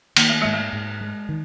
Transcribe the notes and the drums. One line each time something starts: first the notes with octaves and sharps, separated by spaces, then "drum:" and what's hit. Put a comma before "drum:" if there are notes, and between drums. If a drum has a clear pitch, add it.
D#3 A#3, drum: cymbal
A3
G#2 G#3
A3
G#2
G#3
D#3